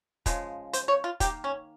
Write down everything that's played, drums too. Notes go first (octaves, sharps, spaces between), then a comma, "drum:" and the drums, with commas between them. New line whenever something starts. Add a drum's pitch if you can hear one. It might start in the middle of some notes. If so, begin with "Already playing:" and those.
C#3 F3 G#3, drum: kick, hi-hat
C5, drum: hi-hat
C#5
F4
D#3 A#3 G4, drum: kick, hi-hat
C#4